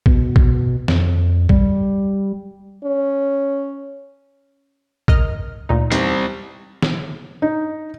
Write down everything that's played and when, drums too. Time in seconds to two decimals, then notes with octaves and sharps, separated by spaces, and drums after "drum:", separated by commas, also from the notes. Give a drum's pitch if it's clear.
0.06 B2, drum: kick
0.36 drum: kick
0.88 F2, drum: snare
1.49 G3, drum: kick
2.84 C#4
5.08 A#4 D#5 F6, drum: kick
5.69 D2 A#2 D#4
5.92 E2 G3 C4 D#4, drum: hi-hat
6.83 drum: snare
7.42 D#4